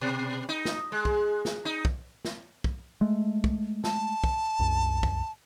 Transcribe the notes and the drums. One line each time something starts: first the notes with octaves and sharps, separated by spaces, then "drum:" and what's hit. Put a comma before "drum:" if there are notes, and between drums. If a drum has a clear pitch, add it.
B2
D#4
drum: snare
G#3
drum: kick
drum: snare
D#4
drum: kick
drum: snare
drum: kick
G#3 A3
drum: kick
A5, drum: snare
drum: kick
C2 F#2
drum: kick